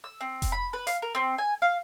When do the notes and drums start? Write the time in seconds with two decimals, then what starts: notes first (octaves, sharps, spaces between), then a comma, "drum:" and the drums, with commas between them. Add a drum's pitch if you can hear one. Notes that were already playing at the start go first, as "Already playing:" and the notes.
0.04 E6
0.21 C4
0.42 drum: kick F1, hi-hat
0.52 B5
0.73 B4
0.87 F5, drum: hi-hat
1.02 A#4
1.15 C4
1.38 G#5
1.62 F5